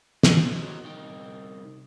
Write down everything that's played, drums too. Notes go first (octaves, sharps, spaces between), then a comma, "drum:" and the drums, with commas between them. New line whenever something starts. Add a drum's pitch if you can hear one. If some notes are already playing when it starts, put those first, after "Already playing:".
C3 G3 F4 A#4, drum: snare
D#4 F#4 A#4 C5 C#5
C2 D#4 G5